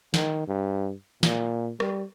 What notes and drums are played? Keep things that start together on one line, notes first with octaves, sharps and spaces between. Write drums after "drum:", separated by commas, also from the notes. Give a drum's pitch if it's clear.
D#3, drum: snare
G2
A#2, drum: snare
G3, drum: rim click